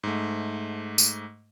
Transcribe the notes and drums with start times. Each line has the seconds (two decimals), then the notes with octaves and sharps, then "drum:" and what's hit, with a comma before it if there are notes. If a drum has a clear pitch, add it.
0.03 G#2 A3
0.98 drum: tambourine